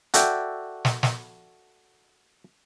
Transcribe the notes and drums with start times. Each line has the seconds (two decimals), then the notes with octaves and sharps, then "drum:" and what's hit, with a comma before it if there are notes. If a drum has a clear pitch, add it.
0.14 F#4 A4 D5 E5 G5, drum: hi-hat
0.85 drum: snare
1.03 drum: snare